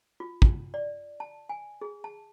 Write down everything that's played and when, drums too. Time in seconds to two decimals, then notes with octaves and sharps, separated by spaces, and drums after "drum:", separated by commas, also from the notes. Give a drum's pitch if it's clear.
0.20 F4
0.42 drum: kick
0.74 D5
1.20 A5
1.49 G#5
1.81 G#4
2.04 A5